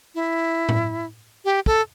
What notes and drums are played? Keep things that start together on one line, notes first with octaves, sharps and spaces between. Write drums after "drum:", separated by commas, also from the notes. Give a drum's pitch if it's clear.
E4
drum: tom A2
G4
A4, drum: kick